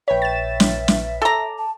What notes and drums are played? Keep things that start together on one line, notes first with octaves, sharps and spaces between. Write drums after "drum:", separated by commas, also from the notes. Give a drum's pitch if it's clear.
A#1 B4 C#5 E5 G5 B6
A6 E7
drum: snare
drum: snare
A4 A#5 D6
A5